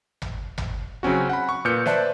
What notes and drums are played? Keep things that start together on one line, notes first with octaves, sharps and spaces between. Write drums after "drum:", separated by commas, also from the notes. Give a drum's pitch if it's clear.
drum: tom G#1
drum: tom G#1
C#3 F#3 C4 C#4 F#4
F#5 B5
C#6
A#2 B4 F6 G6 C#7
B4 C5 D5 E5 A5 F#6, drum: snare